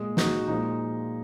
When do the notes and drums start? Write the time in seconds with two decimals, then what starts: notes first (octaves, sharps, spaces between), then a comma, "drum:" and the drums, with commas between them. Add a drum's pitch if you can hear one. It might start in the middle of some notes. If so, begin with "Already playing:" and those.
Already playing: A#2 G#3
0.17 D#4 F#4, drum: snare
0.47 A#2 F3 G#3 D#4